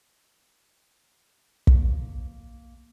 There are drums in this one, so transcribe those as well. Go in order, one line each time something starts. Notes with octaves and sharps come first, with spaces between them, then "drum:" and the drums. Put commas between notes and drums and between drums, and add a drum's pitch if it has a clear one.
A#3, drum: kick